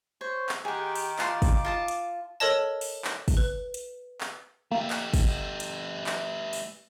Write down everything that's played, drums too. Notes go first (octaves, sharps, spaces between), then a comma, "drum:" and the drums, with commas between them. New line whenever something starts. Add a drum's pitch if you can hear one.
C5 C#5
drum: clap
D#3 G4 G#4 F#5
drum: open hi-hat
F4 A5 C6 D6, drum: clap
drum: kick, open hi-hat
F4 A5 D#6
drum: hi-hat
A4 A#4 C#5 D#5 A5
drum: open hi-hat
drum: clap
drum: kick, open hi-hat
B4
drum: hi-hat
drum: clap
A3 A#3 G4
drum: clap
drum: kick, open hi-hat
drum: hi-hat
drum: clap
drum: open hi-hat